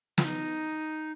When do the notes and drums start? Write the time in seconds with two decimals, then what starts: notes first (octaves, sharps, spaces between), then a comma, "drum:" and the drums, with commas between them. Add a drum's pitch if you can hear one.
0.18 F4, drum: snare
0.25 D#4